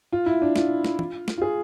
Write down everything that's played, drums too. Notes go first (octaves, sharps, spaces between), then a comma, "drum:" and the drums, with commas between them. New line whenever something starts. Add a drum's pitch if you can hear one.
F4
E4
D4
F4, drum: snare
drum: snare
drum: tom
drum: snare
F4
G#4